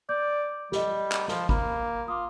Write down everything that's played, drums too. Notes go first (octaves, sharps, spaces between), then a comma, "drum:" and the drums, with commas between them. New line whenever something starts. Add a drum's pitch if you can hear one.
D5 G6
G3 G4 D#5, drum: snare
drum: clap
F3, drum: snare
A#3 B5, drum: kick G#1
F4 D6 D#6